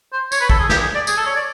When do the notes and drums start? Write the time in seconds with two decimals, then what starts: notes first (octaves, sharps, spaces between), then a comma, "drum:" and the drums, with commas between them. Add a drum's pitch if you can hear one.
0.12 C5
0.32 C#5, drum: tambourine
0.41 B4
0.50 A4, drum: kick
0.59 G#4
0.69 G4, drum: snare
0.82 G#4
0.95 D5
1.07 G#4, drum: tambourine
1.17 A4
1.26 C#5
1.35 D5